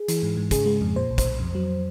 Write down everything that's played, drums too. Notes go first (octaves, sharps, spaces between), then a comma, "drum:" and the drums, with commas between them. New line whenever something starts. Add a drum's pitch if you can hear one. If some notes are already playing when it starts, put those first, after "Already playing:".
Already playing: G#4
E3, drum: hi-hat
G#2
G#2
C#3 G#4, drum: kick, hi-hat
G#3
F2
A#2 C5
B1
C5, drum: kick, hi-hat
B1
F2
F#3